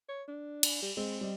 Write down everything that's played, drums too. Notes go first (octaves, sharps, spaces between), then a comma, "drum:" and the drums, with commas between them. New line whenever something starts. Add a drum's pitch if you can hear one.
C#5
D4
drum: cymbal
G3
G#3 C4
G3 D#5